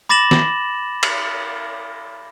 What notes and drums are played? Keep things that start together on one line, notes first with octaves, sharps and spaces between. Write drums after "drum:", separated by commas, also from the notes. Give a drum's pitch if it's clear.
B5 D6 A6 A#6 E7 F#7
drum: snare
drum: cymbal